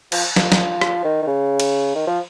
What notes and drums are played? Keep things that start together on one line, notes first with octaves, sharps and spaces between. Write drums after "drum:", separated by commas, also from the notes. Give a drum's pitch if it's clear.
F3, drum: cymbal
F3, drum: snare
drum: snare
drum: rim click
D#3
D#3
C#3
drum: cymbal
D#3
F3